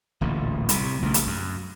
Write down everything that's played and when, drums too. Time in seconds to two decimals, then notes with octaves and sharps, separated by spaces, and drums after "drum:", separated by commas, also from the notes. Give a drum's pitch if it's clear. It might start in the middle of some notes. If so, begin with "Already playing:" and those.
0.21 D1 A1 A#2 D3
0.69 C2 C3, drum: hi-hat
1.02 A#1 C#3 A3
1.14 drum: hi-hat
1.27 F#2